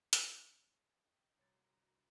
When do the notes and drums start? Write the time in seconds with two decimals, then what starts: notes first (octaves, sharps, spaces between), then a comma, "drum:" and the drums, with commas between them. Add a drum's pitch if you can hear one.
0.13 C#4 A#5, drum: hi-hat
1.04 D#5 G5
1.37 C2 D3 F#4 C#5 A#5 A6